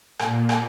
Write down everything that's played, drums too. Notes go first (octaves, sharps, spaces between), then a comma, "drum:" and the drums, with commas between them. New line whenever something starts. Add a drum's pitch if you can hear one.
A#2, drum: rim click
drum: rim click